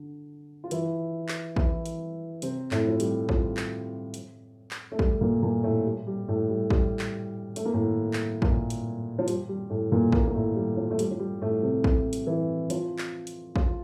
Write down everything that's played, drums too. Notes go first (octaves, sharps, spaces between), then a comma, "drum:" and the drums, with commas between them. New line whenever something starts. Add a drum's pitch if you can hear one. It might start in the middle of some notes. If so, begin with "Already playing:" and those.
Already playing: D3
F4
E3 E4, drum: hi-hat
drum: clap
E3 E4, drum: kick
drum: hi-hat
C3 C4, drum: hi-hat
A2 A3, drum: clap
F3
G3, drum: hi-hat
F3, drum: kick
drum: clap
drum: hi-hat
drum: clap
A3
G3, drum: kick
A#2 A#3
A#2 A#3
A2 A3
G3
G3
A2 A3
G3
G3, drum: kick
drum: clap
A3, drum: hi-hat
A#3
A2 A3
drum: clap
A#2 A#3, drum: kick
drum: hi-hat
F3
G3, drum: hi-hat
G3
A2 A3
A#2 A#3
A#2 A#3, drum: kick
A#3
A2 A3
G3
F3
A3
G3, drum: hi-hat
F3
G3
A2 A3
C3 C4
drum: kick
drum: hi-hat
E3 E4
F3 F4, drum: hi-hat
drum: clap
drum: hi-hat
F3 F4, drum: kick